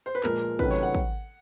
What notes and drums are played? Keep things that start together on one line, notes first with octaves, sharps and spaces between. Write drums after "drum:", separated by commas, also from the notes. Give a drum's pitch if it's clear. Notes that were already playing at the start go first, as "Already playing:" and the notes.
C5
B4
A#2 F3 G#3 A#4, drum: clap
C3 D#3 F#3 A3 C#4 B4, drum: kick
C#5
F#5
drum: kick